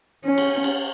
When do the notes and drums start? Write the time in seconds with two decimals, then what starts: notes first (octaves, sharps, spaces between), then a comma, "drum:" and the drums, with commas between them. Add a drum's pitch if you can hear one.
0.24 C#4
0.38 drum: cymbal
0.64 drum: cymbal